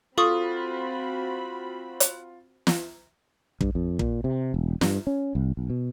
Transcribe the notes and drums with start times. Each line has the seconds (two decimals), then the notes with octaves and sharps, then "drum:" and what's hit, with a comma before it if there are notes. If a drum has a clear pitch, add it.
0.18 C4 F4 F#4 A4 B5 C#6 D#6
2.00 drum: hi-hat
2.67 drum: snare
3.61 G2, drum: kick
3.75 F2
3.99 A#2, drum: kick
4.24 C3
4.54 E1
4.81 G2, drum: snare
5.07 C#4
5.35 C2
5.57 B1
5.70 B2